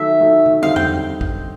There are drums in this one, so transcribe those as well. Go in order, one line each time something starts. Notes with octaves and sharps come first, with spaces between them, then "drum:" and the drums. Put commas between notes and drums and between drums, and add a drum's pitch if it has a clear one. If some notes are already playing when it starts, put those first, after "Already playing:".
Already playing: D#3 F#3 A3 E5
D#3 F#3 A3
drum: tom C3
D3 G3 C4 D#4 F5
G5, drum: tom E2
drum: kick